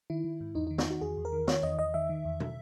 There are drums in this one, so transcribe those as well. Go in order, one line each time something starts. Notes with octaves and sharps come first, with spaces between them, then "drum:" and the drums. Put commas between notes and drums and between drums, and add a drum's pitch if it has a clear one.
D#3 E4
D#3
G#2
E2 D#4
D#4
D#3
D#4, drum: snare
D#3 F#4
E2 G#4
E2
A#4
D#3
D#3 C#5, drum: snare
E2 D#5
E2 D#5
D#3 E5
D#3
E2
drum: tom